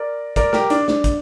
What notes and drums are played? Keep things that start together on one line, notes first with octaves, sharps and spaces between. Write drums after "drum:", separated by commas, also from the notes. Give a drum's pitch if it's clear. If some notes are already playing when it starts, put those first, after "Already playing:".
Already playing: A#4 D5
A#4 D5, drum: kick, hi-hat
G4 A#4, drum: snare
D4, drum: hi-hat
D4, drum: snare
drum: kick, hi-hat